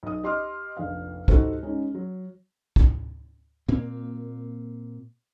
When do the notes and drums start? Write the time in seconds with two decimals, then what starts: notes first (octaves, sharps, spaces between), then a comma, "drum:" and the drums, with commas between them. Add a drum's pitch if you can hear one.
0.03 B1 D#6
0.23 G4 D#5 C6 D6 D#6 F6
0.77 F1 A#1 F5
1.28 G3 D#4 F#4 A4 C5, drum: kick
1.62 G#3 C#4 D#4
1.95 F#3
2.76 drum: kick
3.68 A#2 A#3 C4